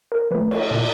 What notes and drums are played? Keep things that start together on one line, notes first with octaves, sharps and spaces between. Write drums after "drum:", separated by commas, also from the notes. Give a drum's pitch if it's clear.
A#4
F3 A3 B4
C#5, drum: cymbal
A#2 D5